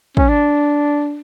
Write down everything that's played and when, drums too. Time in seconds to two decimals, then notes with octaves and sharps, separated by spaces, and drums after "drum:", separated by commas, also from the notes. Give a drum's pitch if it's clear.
0.17 C#4, drum: kick
0.29 D4